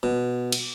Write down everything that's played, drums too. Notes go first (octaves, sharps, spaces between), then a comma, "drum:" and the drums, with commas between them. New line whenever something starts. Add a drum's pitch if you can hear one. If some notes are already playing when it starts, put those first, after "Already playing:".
B2
drum: cymbal